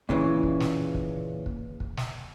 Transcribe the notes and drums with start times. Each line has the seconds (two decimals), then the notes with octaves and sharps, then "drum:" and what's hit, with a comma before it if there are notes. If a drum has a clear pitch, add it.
0.09 A#2 C#3 E3, drum: kick
0.43 drum: kick
0.60 drum: snare
0.95 drum: kick
1.46 drum: kick
1.80 drum: kick
1.97 drum: snare